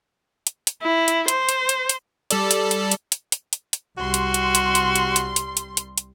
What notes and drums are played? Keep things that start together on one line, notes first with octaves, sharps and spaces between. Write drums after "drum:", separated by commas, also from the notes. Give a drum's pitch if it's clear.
drum: hi-hat
drum: hi-hat
E4
drum: hi-hat
C5, drum: hi-hat
drum: hi-hat
drum: hi-hat
drum: hi-hat
G3 A4 D5, drum: hi-hat
drum: hi-hat
drum: hi-hat
drum: hi-hat
drum: hi-hat
drum: hi-hat
drum: hi-hat
drum: hi-hat
C2 G3 F#4 C6
drum: hi-hat
drum: hi-hat
drum: hi-hat
drum: hi-hat
drum: hi-hat
drum: hi-hat
drum: hi-hat
drum: hi-hat
drum: hi-hat
drum: hi-hat